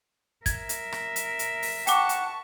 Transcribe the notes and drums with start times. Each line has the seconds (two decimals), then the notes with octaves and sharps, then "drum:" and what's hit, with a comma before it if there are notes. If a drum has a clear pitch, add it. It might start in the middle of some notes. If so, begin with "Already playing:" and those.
0.46 A#4 E5 G#6, drum: kick, hi-hat
0.69 drum: hi-hat
0.92 drum: rim click
1.16 drum: hi-hat
1.39 drum: hi-hat
1.62 drum: open hi-hat
1.87 F#5 G5 A5 C#6 D6, drum: hi-hat
2.09 drum: hi-hat